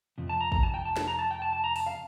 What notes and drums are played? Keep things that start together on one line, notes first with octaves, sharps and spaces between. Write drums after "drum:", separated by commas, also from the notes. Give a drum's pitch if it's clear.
F2 C3
A5
A#5
A#5, drum: kick
A5
G5
A5
A5, drum: snare
A#5
A5
G5
A5
A5
A#5
A5, drum: open hi-hat
F5